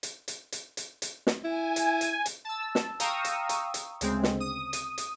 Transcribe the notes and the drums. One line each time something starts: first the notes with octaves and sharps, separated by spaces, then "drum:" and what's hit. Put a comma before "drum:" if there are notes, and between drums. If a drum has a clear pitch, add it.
drum: hi-hat
drum: hi-hat
drum: hi-hat
drum: hi-hat
drum: hi-hat
drum: snare
E4 G#5
drum: hi-hat
drum: hi-hat
drum: hi-hat
A5 E6
drum: snare
F5 G5 A#5 C#6 D#6 E6, drum: hi-hat
drum: hi-hat
drum: hi-hat
drum: hi-hat
D2 C#3 G#3 C4, drum: hi-hat
drum: snare
D#6
drum: hi-hat
drum: hi-hat